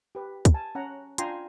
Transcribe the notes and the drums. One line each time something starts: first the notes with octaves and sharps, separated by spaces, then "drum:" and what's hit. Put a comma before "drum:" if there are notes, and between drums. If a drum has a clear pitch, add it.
G4 B4
drum: kick, hi-hat
G#5 A5
C#4 F#5 A#5
D4 F4 G5 G#5 A#5 C6, drum: hi-hat